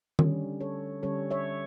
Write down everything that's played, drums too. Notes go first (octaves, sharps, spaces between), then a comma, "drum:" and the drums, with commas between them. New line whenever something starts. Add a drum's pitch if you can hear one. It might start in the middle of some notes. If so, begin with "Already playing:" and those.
D3 G3 C#4, drum: tom D#3
A4 C#5
D3 G3 C#4 A4 C#5
C#5 E5